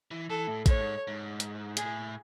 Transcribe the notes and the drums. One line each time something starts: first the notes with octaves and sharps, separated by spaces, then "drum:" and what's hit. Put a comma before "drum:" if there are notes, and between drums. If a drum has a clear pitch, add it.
E3
E3 A4
A2
A2 C#5, drum: kick A1, hi-hat
G#2
G#2
drum: hi-hat
A2 G#4, drum: hi-hat